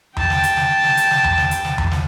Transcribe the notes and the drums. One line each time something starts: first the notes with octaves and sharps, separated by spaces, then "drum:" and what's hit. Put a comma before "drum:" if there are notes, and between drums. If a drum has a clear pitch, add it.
G5 A5, drum: tom E2
drum: snare
drum: hi-hat
drum: snare
drum: snare
drum: hi-hat
drum: snare
drum: tom E2
drum: snare
drum: hi-hat
drum: snare
drum: tom E2
drum: snare